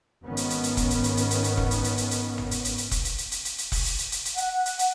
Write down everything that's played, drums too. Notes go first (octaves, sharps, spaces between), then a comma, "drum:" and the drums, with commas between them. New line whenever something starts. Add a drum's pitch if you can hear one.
G#1 D#3 B3 C#4
drum: hi-hat
drum: hi-hat
drum: hi-hat
drum: kick E1, hi-hat
drum: hi-hat
drum: hi-hat
drum: hi-hat
drum: hi-hat
drum: hi-hat
drum: kick E1
drum: hi-hat
drum: hi-hat
drum: hi-hat
drum: hi-hat
drum: tom
drum: hi-hat
drum: hi-hat
drum: hi-hat
drum: kick E1, hi-hat
drum: hi-hat
drum: hi-hat
drum: hi-hat
drum: hi-hat
drum: hi-hat
drum: kick E1, open hi-hat
drum: hi-hat
drum: hi-hat
drum: hi-hat
drum: hi-hat
F#5, drum: hi-hat
drum: hi-hat
drum: hi-hat